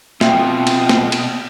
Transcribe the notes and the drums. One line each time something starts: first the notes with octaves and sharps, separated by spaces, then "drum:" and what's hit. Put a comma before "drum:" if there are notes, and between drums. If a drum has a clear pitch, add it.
B2 C4 F4 G#4 C5 E5 G5, drum: snare
drum: cymbal
drum: snare
drum: cymbal